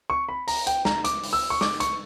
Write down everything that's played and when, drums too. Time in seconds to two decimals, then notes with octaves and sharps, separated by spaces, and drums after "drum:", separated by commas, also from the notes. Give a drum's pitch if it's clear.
0.10 C#6
0.29 B5
0.48 A#5, drum: open hi-hat
0.67 G5, drum: hi-hat
0.85 A#5, drum: snare
1.04 D6, drum: hi-hat
1.23 drum: open hi-hat
1.33 E6
1.50 C#6
1.61 D6, drum: snare
1.80 C#6, drum: hi-hat